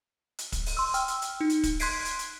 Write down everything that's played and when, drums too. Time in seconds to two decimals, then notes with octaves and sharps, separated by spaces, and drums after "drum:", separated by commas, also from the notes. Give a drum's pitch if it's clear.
0.39 drum: hi-hat
0.52 drum: kick, hi-hat
0.66 drum: open hi-hat
0.77 C6 E6
0.94 G5 E6 F6, drum: hi-hat
1.08 drum: hi-hat
1.22 drum: hi-hat
1.41 D#4
1.50 drum: hi-hat
1.63 drum: kick, hi-hat
1.80 C6 F#6 G#6 B6 C7 D7, drum: open hi-hat
2.05 drum: hi-hat
2.19 drum: hi-hat